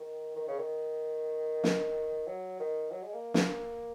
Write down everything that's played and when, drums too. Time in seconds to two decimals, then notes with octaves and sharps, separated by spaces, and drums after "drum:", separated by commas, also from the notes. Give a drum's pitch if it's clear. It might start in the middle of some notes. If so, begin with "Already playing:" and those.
Already playing: D#3
0.36 D#3
0.48 C#3
0.59 D#3
1.64 drum: snare
2.27 F#3
2.60 D#3
2.91 F#3
3.03 G#3
3.13 A#3
3.34 A#3, drum: snare